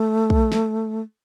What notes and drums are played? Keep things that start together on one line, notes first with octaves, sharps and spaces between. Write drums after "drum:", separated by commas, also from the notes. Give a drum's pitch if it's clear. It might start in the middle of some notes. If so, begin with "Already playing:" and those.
Already playing: A3
drum: kick
drum: snare